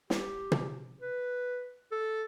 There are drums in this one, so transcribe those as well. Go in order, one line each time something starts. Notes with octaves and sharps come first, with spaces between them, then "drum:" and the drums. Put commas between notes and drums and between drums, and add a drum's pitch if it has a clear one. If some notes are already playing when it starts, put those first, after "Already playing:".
G4, drum: snare
drum: tom
B4
A4